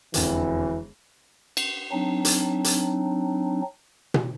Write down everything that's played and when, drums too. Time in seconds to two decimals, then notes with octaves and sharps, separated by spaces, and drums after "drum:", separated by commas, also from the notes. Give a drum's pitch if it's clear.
0.14 E1 F2 D3 E3, drum: hi-hat
1.57 drum: cymbal
1.92 F#3 C4 D4 D#4
2.25 drum: hi-hat
2.64 drum: hi-hat
4.14 drum: tom